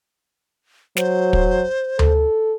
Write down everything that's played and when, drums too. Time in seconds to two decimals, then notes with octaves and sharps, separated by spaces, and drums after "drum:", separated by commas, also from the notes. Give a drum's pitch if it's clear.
0.97 F#3 C5, drum: snare
1.33 drum: kick
1.99 A4, drum: tom D2